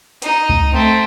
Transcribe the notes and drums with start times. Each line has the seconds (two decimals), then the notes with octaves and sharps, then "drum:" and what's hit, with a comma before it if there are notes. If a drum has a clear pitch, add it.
0.22 D#4, drum: hi-hat
0.49 drum: kick C#2
0.73 A3 C4